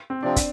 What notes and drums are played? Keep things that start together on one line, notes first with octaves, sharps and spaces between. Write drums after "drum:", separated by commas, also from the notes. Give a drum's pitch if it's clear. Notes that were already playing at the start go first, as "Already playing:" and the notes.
C4
C3 F3 C4 D4
drum: kick, hi-hat